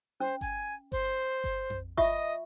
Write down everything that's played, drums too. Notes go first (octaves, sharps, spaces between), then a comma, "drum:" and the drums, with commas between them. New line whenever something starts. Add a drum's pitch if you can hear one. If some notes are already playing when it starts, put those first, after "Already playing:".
C#4 C5
G#5, drum: kick G1, hi-hat
C5, drum: kick G1, hi-hat
drum: kick G1, hi-hat
drum: tom F2
F4 D#5 E5 C#6, drum: kick G1